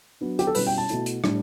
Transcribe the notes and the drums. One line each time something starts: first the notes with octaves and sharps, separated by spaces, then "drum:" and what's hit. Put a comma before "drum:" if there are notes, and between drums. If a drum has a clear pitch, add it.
F#3 B3 D4
G4, drum: hi-hat
A4
B2 G3 C#4 E4 B4, drum: open hi-hat
G5
A5
B2 A3 E4, drum: hi-hat
drum: hi-hat
A2 G3 D4, drum: rim click